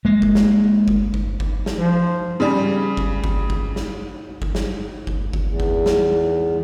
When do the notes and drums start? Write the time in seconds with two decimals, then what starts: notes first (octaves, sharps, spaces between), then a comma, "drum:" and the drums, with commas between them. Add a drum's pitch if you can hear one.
0.05 G#3 A#3
0.22 drum: kick G1
0.35 drum: snare
0.88 drum: kick G1
1.14 drum: kick G1
1.40 drum: kick G1
1.66 drum: snare
1.79 F3
2.40 C#3 G3
2.97 drum: kick G1
3.24 drum: kick G1
3.50 drum: kick G1
3.76 drum: snare
4.42 drum: kick G1
4.55 drum: snare
5.07 drum: kick G1
5.33 drum: kick G1
5.47 E2
5.60 drum: kick G1
5.86 drum: snare